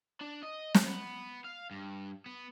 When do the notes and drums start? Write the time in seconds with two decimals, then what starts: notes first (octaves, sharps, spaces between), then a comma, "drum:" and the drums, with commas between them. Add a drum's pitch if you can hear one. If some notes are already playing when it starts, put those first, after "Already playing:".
0.21 D4
0.43 D#5
0.74 drum: snare
0.87 B3
1.45 F5
1.71 G2
2.26 B3